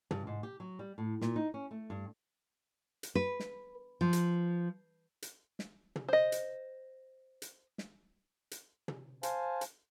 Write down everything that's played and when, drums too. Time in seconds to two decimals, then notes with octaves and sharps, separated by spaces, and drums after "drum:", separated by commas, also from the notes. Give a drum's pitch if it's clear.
0.11 G2, drum: tom
0.27 G#2
0.43 G4
0.60 F#3
0.79 G3
0.98 A2
1.22 A#2, drum: snare
1.36 D#4
1.54 C#4
1.71 A3
1.90 G2
3.03 drum: hi-hat
3.15 B4
3.40 drum: snare
4.01 F3
4.13 drum: hi-hat
5.22 drum: hi-hat
5.59 drum: snare
5.96 drum: tom
6.08 C5 D#5
6.32 drum: hi-hat
7.42 drum: hi-hat
7.78 drum: snare
8.51 drum: hi-hat
8.88 drum: tom
9.23 C5 F5 G#5 A5, drum: hi-hat
9.61 drum: hi-hat